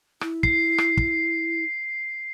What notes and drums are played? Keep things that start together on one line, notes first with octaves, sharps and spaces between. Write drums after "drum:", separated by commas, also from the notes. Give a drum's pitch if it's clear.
E4, drum: rim click
C7, drum: kick
drum: rim click
drum: kick